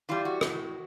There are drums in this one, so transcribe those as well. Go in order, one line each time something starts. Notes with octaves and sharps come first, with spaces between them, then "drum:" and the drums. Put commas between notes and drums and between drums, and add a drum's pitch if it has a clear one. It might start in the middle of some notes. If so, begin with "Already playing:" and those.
E3 G3 F4
F#4
A2, drum: rim click